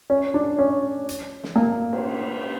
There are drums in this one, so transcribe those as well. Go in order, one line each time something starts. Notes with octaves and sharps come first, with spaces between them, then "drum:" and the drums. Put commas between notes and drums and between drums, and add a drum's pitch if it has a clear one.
C#4
D4
C#4
drum: hi-hat
drum: snare
A#3
drum: cymbal